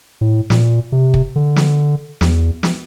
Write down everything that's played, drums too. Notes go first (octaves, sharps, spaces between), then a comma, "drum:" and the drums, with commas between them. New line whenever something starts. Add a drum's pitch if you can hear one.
A2
A#2, drum: snare
C3
drum: kick
D3
drum: snare
E2, drum: snare
drum: snare